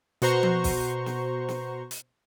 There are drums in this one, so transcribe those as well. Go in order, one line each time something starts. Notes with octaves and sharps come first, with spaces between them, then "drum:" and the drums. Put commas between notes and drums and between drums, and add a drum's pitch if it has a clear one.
B2 F#4 C5 A#5 C#6, drum: hi-hat
drum: tom F3
drum: kick, open hi-hat
drum: snare
drum: snare
drum: hi-hat